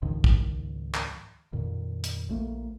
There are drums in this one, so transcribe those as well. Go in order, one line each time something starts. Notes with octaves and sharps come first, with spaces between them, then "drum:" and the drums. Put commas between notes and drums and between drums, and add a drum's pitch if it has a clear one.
C#2 G#2 D#3 F3
drum: kick
drum: clap
F2 A#2 D#3
drum: hi-hat
A#1 A3 A#3